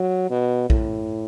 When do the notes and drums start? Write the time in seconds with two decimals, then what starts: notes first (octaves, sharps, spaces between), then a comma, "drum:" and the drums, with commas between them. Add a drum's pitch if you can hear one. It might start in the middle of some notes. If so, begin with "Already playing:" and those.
Already playing: F#3
0.31 B2
0.70 A2, drum: kick